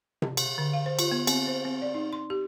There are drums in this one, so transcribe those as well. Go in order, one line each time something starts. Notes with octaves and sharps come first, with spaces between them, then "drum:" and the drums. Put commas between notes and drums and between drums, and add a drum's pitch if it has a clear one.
drum: tom C3
drum: cymbal
D3
F5
C5
F4, drum: cymbal
B3
C4, drum: cymbal
C5
C4
D5
D#4
C6
G4